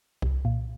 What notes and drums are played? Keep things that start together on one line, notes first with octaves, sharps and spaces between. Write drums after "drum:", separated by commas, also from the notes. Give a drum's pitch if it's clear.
C2, drum: kick A#1
A#2